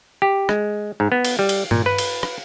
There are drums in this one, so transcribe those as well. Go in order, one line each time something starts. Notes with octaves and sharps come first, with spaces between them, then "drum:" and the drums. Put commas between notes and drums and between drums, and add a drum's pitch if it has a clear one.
G4
G#3, drum: rim click
G#2
B3
drum: cymbal
G3
drum: cymbal
A#2, drum: tom G2
B4
drum: cymbal
drum: rim click